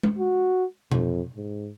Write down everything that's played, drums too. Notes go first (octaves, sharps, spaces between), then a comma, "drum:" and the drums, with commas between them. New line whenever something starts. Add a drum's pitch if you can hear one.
drum: tom G#3
F#4
F2, drum: tom B2
G#2